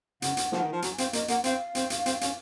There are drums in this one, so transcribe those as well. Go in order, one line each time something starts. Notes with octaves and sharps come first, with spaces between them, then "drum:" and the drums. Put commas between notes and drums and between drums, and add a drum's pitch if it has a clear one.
C#3 F#5, drum: hi-hat
drum: hi-hat
F3, drum: snare
D#3
F3
F#3 G#5, drum: hi-hat
C4 F5, drum: hi-hat
A#3 D#5, drum: hi-hat
A#3 F#5, drum: hi-hat
C4 F5, drum: hi-hat
C4, drum: hi-hat
drum: hi-hat
C4, drum: hi-hat
C#4, drum: hi-hat